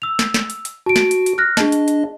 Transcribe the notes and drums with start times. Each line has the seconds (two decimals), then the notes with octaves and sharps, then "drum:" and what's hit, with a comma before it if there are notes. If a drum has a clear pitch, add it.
0.02 E6 F7
0.19 drum: snare
0.34 drum: snare
0.50 drum: hi-hat
0.65 drum: hi-hat
0.86 F#4 A5 D7
0.96 drum: snare
1.11 drum: hi-hat
1.26 drum: hi-hat
1.38 F6 F#6 A#6
1.57 D4 G#4 D#5 A5, drum: snare
1.72 drum: hi-hat
1.88 drum: hi-hat